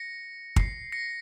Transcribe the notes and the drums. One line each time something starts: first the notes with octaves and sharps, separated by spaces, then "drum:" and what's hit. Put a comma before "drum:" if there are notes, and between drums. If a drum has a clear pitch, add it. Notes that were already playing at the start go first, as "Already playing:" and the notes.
Already playing: A#6 C#7
C7, drum: kick
A#6 C#7